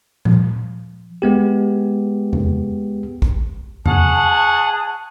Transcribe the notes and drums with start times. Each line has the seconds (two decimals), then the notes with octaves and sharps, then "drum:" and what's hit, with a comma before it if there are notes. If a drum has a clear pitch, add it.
0.25 F3, drum: tom A#2
1.22 G#3 B3 G4
2.33 drum: tom E2
3.22 drum: kick A1
3.86 G#4 F#5 A5 C#6, drum: tom E2